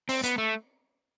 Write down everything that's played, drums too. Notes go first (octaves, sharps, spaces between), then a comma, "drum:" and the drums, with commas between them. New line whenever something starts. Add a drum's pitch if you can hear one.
C4, drum: open hi-hat
B3, drum: hi-hat
A3